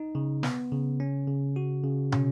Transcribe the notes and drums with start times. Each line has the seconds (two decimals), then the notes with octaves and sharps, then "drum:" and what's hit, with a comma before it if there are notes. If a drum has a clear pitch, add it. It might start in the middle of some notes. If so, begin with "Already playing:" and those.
Already playing: D#4
0.15 C#3
0.43 B3, drum: snare
0.72 C#3
1.00 C#4
1.28 C#3
1.56 F#4
1.84 C#3
2.12 C#4, drum: tom